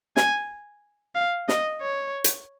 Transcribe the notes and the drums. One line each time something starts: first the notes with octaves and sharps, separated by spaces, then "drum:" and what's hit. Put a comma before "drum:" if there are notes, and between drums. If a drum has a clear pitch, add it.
G#5, drum: snare
F5
D#5, drum: snare
C#5
drum: hi-hat